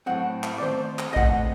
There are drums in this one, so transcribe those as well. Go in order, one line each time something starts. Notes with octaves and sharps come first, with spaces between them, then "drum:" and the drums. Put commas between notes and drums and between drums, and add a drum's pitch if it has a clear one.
A2 F#3 C4 F#5
drum: clap
D5
D#3 A3 C4 C5
drum: clap
D#5
A2 A3 C4 F#5, drum: kick A1